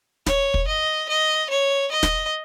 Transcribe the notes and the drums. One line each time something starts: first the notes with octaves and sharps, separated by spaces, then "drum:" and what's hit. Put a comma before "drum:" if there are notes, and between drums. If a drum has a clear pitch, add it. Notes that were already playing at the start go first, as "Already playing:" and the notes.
C#5, drum: snare
drum: kick
D#5
D#5
C#5
D#5
drum: snare